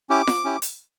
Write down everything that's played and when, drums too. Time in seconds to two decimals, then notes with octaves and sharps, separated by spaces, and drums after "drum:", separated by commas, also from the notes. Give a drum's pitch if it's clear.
0.10 C#4 E4 G4 D6
0.27 drum: snare F4
0.45 C#4 E4 G4
0.62 drum: hi-hat